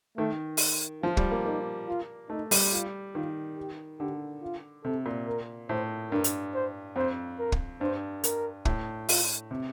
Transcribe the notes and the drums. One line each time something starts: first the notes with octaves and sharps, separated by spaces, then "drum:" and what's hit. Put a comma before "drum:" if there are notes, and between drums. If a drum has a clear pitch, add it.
D#3 A3
drum: open hi-hat
F3 F4
G3, drum: kick
A#3
A#3 D#4
F4
A3 D#4
G3, drum: open hi-hat
F4
D#3 F4
G4
D3 G4
F4
C3 A4
A#2
A#4
A2 C5
G2 A#4
drum: hi-hat
C5
F2 C5
A#4
drum: kick
G2 C5
A#4, drum: hi-hat
A2, drum: kick
F4, drum: open hi-hat
C3